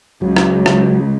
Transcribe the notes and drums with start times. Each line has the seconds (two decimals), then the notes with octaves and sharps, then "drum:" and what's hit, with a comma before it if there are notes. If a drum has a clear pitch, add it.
0.22 C#2 F#3
0.36 drum: rim click
0.66 drum: rim click